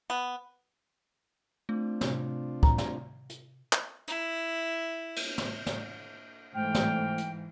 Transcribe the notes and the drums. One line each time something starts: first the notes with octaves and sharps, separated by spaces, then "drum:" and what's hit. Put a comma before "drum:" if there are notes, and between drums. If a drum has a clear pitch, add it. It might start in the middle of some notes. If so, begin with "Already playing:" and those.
B3
A3 C4 D4 F4
C3, drum: snare
A#5, drum: kick
drum: snare
drum: hi-hat
drum: clap
E4, drum: hi-hat
drum: cymbal
drum: snare
drum: snare
G#2 E3 A3 C5 G5 F6
drum: snare
drum: hi-hat